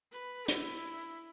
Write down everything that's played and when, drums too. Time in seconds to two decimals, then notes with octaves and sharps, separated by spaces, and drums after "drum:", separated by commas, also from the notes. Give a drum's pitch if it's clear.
0.12 B4
0.48 E4, drum: hi-hat